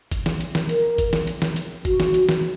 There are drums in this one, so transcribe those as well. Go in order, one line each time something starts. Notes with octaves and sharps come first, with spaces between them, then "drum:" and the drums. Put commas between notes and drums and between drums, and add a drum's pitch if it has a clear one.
drum: kick G1, hi-hat
drum: snare
drum: hi-hat
drum: snare
A#4, drum: hi-hat
drum: kick G1, hi-hat
drum: snare
drum: hi-hat
drum: snare
drum: hi-hat
F#4, drum: kick G1, hi-hat
drum: snare
drum: hi-hat
drum: snare